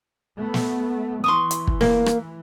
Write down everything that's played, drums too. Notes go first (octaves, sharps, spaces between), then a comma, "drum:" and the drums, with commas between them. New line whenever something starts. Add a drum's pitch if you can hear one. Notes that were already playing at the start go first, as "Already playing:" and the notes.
A3 B3
drum: snare
E3 C6 C#6 D#6
drum: hi-hat
drum: kick
A#3, drum: snare
drum: rim click